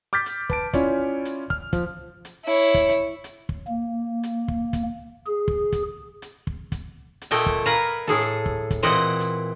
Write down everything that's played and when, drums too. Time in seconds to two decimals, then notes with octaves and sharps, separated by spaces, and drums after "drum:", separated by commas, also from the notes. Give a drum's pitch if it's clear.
0.13 D6 F6 G6 A6 B6
0.26 drum: hi-hat
0.50 B4 A5 D7, drum: kick
0.73 C#4 E4 F4 C#5 D5, drum: kick, hi-hat
1.25 drum: hi-hat
1.50 F6, drum: kick
1.73 F3, drum: kick, hi-hat
2.25 drum: hi-hat
2.45 E4 C#5
2.74 drum: kick, hi-hat
3.24 drum: hi-hat
3.49 drum: kick
3.68 A#3
4.23 drum: hi-hat
4.48 drum: kick
4.73 drum: kick, hi-hat
5.27 G#4
5.48 drum: kick
5.72 drum: kick, hi-hat
6.22 drum: hi-hat
6.47 drum: kick
6.72 drum: kick, hi-hat
7.21 drum: hi-hat
7.31 A#2 A3 A4 D#5 G5 G#5
7.46 drum: kick
7.66 A#4 B4 F5 G#5 A#5
8.07 A2 G#4 A4
8.21 drum: hi-hat
8.46 drum: kick
8.71 drum: kick, hi-hat
8.83 A#2 E3 C4 D#5 F#5
9.20 drum: hi-hat